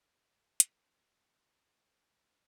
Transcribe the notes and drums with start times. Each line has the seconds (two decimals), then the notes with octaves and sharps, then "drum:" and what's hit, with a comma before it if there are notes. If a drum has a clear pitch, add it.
0.16 F#4
0.31 F6
0.60 F4, drum: hi-hat
0.79 A#4
1.17 G5
1.59 A#5
1.79 C5
2.10 C5